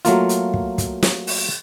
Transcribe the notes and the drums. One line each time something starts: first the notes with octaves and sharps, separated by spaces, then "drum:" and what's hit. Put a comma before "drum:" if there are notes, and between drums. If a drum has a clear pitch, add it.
F#3 A3 A#3 F4, drum: hi-hat
drum: hi-hat
drum: kick
drum: kick, hi-hat
drum: snare
drum: open hi-hat